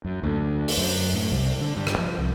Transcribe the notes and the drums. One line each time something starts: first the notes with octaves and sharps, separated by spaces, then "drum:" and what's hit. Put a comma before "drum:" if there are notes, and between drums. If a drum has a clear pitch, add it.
F#2
D2
drum: open hi-hat
F#2
A2
C2
D3
G2
drum: rim click
F3
C2